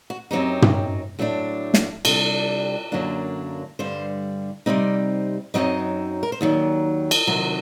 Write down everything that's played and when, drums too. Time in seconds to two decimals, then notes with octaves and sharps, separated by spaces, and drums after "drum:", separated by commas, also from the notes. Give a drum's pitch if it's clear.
0.10 F#4
0.31 F#2 F#3 C4 D#4 G4
0.62 drum: tom
1.19 A2 F#3 A3 D4
1.74 drum: snare
2.05 C3 G3 D4 A4, drum: cymbal
2.92 F#2 D3 F#3 A#3 D4
3.79 G2 D3 G3 C5
4.66 C3 G3 C4 D#4 D5
5.54 F#2 D#3 F#3 C4 D#4 D#5
6.23 A#4
6.32 C5
6.41 D#2 D#3 F#3 D5
7.11 drum: cymbal
7.27 C3 D#3 F#3